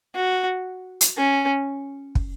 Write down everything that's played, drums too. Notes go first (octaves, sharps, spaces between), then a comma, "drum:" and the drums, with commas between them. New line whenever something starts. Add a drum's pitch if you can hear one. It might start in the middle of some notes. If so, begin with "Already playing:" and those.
F#4
drum: hi-hat
C#4
drum: kick